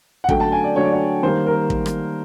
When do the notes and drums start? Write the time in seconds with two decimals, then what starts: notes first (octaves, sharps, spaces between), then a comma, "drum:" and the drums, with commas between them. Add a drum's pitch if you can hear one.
0.24 F#5
0.29 D3 F#3 A3 G5, drum: kick
0.40 A5
0.52 G#5
0.64 D5
0.76 D3 F#3 A3 C#5
0.85 D5
0.93 C#5
1.23 D#3 G3 A#3 C5
1.46 A#4
1.70 drum: kick
1.86 drum: rim click